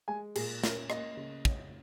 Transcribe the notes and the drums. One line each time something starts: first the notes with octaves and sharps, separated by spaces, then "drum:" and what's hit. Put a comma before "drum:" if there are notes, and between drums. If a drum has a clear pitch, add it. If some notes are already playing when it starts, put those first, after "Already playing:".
G#3 G#5
A#2 G#4, drum: cymbal
C#4 A#4, drum: snare
A#3 D#5, drum: rim click
C#3
C#4, drum: kick